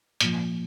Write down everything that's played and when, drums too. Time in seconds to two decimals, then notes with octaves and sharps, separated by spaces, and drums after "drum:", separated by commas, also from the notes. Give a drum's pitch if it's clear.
0.20 A#2 F3, drum: hi-hat